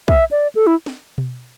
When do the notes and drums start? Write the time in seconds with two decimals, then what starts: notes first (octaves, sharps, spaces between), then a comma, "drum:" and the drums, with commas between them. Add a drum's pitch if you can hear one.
0.08 E5, drum: kick
0.31 D5
0.55 A4
0.67 E4
0.86 drum: snare
1.18 drum: tom B2